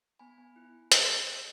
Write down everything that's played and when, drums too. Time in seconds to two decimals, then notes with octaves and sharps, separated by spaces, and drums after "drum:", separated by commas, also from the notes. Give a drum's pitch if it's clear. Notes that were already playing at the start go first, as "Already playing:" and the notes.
0.19 B3 G#5 B5
0.38 B3
0.56 E4
0.92 drum: hi-hat